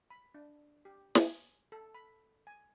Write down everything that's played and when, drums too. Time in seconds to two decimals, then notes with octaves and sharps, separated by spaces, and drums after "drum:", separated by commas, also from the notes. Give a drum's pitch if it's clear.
0.10 B5
0.34 D4
0.85 G4
1.15 G#5, drum: snare
1.72 A4
1.95 B5
2.47 G#5